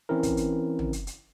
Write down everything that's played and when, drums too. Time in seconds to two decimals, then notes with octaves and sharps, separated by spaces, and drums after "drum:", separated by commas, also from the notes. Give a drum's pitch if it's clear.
0.09 E3 C4 C#4 E4 A#4
0.23 drum: kick, hi-hat
0.37 drum: hi-hat
0.79 drum: tom
0.93 drum: hi-hat
1.07 drum: hi-hat